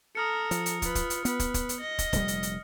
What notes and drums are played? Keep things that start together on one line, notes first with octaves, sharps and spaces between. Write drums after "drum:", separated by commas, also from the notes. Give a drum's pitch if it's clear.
A4 A#5 D#6 F6 C#7
F3, drum: hi-hat
drum: hi-hat
F4 B4, drum: kick, hi-hat
drum: kick, hi-hat
drum: hi-hat
B3 B4, drum: hi-hat
drum: kick, hi-hat
drum: kick, hi-hat
drum: hi-hat
D#5
drum: kick, hi-hat
F1 A#2 G3, drum: kick, hi-hat
drum: hi-hat
drum: hi-hat